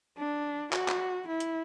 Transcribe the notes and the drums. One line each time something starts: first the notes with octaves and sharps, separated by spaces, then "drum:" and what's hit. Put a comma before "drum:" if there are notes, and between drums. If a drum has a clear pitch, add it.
D4
F#4, drum: clap
drum: clap
E4
drum: hi-hat